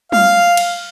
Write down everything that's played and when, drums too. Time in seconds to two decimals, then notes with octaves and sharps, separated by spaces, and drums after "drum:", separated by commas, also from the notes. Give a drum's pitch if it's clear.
0.12 F5, drum: tom F#3
0.57 drum: cymbal